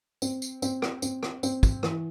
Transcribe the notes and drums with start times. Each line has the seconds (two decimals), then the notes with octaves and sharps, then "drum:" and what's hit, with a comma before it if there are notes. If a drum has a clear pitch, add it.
0.22 C4, drum: tambourine
0.42 drum: tambourine
0.62 C4, drum: tambourine
0.82 drum: rim click
1.02 C4, drum: tambourine
1.23 drum: rim click
1.43 C4, drum: tambourine
1.63 drum: kick, tambourine
1.83 E3, drum: rim click